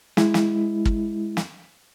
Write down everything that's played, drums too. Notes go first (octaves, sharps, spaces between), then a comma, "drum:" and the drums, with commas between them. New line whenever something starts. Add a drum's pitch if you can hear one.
G#3 E4, drum: snare
drum: snare
drum: kick
drum: snare